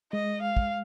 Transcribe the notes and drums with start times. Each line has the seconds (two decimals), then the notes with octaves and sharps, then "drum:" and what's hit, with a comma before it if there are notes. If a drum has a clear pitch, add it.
0.12 G#3 D#5
0.42 F5
0.57 drum: kick